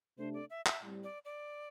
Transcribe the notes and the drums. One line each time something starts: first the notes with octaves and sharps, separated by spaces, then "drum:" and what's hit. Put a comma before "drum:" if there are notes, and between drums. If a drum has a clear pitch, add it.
C3 A3 D4 C5
D5
E5
E5, drum: clap
A2 G3 C4
D5
D5